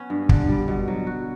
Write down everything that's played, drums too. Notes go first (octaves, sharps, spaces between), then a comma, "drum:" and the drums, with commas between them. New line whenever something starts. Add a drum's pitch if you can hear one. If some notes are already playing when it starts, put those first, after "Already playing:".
Already playing: B3 C#4
G2
D3, drum: kick
G3
B2
F#3
F#4